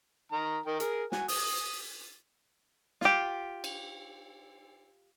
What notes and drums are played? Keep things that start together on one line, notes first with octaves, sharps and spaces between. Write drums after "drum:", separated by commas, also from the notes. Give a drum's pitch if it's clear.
D#3 A#5
D#3 A#4 G5
G#4 A#4, drum: hi-hat
F#4 G#5, drum: snare
D#6, drum: open hi-hat
F4 G4, drum: snare
drum: cymbal